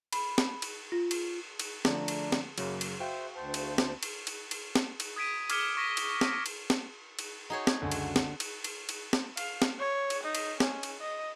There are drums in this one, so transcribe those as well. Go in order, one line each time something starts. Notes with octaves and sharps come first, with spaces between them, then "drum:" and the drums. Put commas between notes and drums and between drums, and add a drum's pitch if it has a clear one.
B5, drum: cymbal
drum: snare
drum: cymbal
F4
drum: cymbal
drum: cymbal
D3 F3 A3 D4 A#5, drum: snare
drum: cymbal
drum: snare
F#2 C#3 F#3 A#3, drum: cymbal
drum: cymbal
F#4 C5 E5 F5 G5
D2 C5 A5
drum: cymbal
drum: snare
drum: cymbal
drum: cymbal
drum: cymbal
drum: snare
drum: cymbal
D#6 G#6 B6 D7 D#7
D6 F6 G#6 B6 C#7 G7, drum: cymbal
C#6 A#6 B6
drum: cymbal
drum: snare
drum: cymbal
drum: snare
drum: cymbal
D#4 F#4 G#4 C#5
drum: snare
C#2 F#2 D3 F#4
drum: cymbal
drum: snare
drum: cymbal
drum: cymbal
drum: cymbal
drum: snare
F5, drum: cymbal
drum: snare
C#5
drum: cymbal
D#4
drum: cymbal
C#4, drum: snare
drum: cymbal
D#5